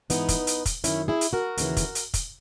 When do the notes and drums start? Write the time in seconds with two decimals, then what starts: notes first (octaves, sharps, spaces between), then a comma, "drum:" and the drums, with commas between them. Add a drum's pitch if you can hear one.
0.10 G#2 E3 B3 D#4, drum: hi-hat
0.28 drum: kick, hi-hat
0.47 drum: hi-hat
0.66 drum: kick, hi-hat
0.84 F#2 D#3 C#4 E4, drum: hi-hat
1.08 E4 G#4
1.21 drum: hi-hat
1.33 F#4 A#4
1.57 D#2 C#3 E3, drum: hi-hat
1.77 drum: kick, hi-hat
1.95 drum: hi-hat
2.14 drum: kick, hi-hat